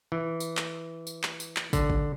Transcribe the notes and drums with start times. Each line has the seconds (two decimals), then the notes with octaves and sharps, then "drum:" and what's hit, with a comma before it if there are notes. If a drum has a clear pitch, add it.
0.12 E3
0.40 drum: tambourine
0.57 drum: clap
1.07 drum: tambourine
1.23 drum: clap
1.40 drum: tambourine
1.56 drum: clap
1.73 D3, drum: kick, tambourine
1.90 drum: kick